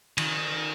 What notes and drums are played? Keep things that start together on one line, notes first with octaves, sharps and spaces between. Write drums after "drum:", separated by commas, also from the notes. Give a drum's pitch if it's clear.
D#3, drum: cymbal